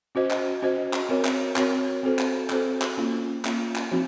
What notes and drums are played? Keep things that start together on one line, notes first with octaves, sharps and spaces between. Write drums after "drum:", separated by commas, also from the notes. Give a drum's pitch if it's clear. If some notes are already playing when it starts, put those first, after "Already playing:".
C#4 F#4 C5 D#5
drum: clap
C#4 F#4 C5 D#5
drum: clap
C4 F#4 A#4 C#5
drum: clap
C4 F#4 A#4 C#5, drum: clap
C4 F#4 A4 C5
drum: clap
C4 F#4 A4 C5, drum: clap
drum: clap
A#3 C#4 F4
A#3 C#4 F4, drum: clap
drum: clap
F3 C4 D#4 F#4